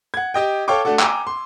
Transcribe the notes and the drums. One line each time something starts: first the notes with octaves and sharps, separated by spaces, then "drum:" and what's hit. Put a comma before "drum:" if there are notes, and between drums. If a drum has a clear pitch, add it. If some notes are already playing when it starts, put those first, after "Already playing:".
F#5 G#6
G4 D#5 G5
A4 C#5 F5 G5 C#6 D6
A3 D4 F#4 A4
G5 G#5 A#5 D6 E6, drum: clap
C6